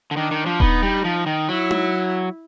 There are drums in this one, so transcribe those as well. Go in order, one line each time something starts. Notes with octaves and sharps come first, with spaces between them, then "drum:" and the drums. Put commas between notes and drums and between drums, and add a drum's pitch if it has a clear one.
D3
D#3 D4
D#3
F3
B3 D#4, drum: kick D#1
G3
F3
D#3
F#3 E4
drum: tom D#4